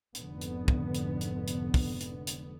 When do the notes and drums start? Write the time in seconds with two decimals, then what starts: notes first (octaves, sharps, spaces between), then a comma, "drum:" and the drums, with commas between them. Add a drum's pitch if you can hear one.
0.15 F1 G#2 D3 B3, drum: hi-hat
0.41 drum: hi-hat
0.68 drum: kick
0.95 drum: hi-hat
1.21 drum: hi-hat
1.48 drum: hi-hat
1.74 drum: kick, open hi-hat
2.01 drum: hi-hat
2.27 drum: hi-hat